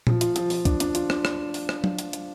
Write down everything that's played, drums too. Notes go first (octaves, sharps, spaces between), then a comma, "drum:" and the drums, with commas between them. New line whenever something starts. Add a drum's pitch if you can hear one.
F3, drum: tom A#2
F4, drum: hi-hat
F3, drum: hi-hat
F3, drum: open hi-hat
D4, drum: kick, hi-hat
D4, drum: hi-hat
F4, drum: hi-hat
D4, drum: rim click
drum: rim click
drum: open hi-hat
drum: rim click
drum: tom F#3
drum: hi-hat
drum: hi-hat